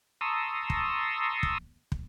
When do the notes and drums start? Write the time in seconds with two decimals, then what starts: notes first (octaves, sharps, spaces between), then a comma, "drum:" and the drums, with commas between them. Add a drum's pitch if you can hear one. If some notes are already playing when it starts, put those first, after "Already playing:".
0.21 A5 A#5 C6 C#6 D#6 E6
0.70 drum: kick
1.43 drum: kick
1.92 drum: kick